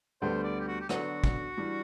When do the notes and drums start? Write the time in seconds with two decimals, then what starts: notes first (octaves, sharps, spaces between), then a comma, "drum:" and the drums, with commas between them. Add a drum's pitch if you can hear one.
0.22 D2 D3 G3 B3 C5
0.44 D5
0.60 G4
0.68 F#4
0.81 G4
0.89 D3 F#3 B3 D4 F#4, drum: rim click
1.24 drum: kick
1.57 E3 G3 D4